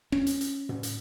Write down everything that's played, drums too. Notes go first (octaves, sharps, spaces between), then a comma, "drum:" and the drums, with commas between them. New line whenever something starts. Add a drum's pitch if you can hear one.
C#4, drum: rim click
drum: hi-hat
drum: hi-hat
drum: tom
drum: hi-hat